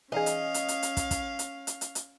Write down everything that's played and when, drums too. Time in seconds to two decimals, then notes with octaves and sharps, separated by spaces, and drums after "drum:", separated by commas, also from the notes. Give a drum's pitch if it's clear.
0.12 E3 C#4 D#4 G#4 D#5 F5
0.26 drum: hi-hat
0.54 drum: hi-hat
0.68 drum: hi-hat
0.83 drum: hi-hat
0.97 drum: kick, hi-hat
1.11 drum: kick, hi-hat
1.39 drum: hi-hat
1.67 drum: hi-hat
1.81 drum: hi-hat
1.95 drum: hi-hat